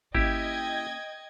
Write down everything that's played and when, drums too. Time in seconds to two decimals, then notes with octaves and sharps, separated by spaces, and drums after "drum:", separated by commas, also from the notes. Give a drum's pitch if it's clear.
0.15 A#3 C#4 E4 G4 D#5 G5 G#6, drum: kick G#1